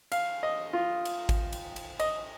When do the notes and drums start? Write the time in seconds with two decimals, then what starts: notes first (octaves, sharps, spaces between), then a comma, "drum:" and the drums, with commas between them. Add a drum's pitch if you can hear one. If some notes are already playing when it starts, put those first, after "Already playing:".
0.12 F5, drum: cymbal
0.43 D#5
0.73 F4
1.05 drum: cymbal
1.29 drum: kick G#1, cymbal
1.53 drum: cymbal
1.76 drum: cymbal
2.00 D#5, drum: cymbal